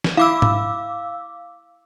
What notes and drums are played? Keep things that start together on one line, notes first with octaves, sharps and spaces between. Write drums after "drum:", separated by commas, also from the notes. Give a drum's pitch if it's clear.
drum: snare
E4 F5 D6 E6
drum: tom G#2